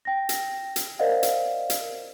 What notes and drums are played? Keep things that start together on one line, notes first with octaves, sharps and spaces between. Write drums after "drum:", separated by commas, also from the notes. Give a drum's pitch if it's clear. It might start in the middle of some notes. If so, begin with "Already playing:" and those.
G5 A#6
drum: hi-hat
drum: hi-hat
A#4 C5 D5 D#5 F5 F#5
drum: hi-hat
drum: hi-hat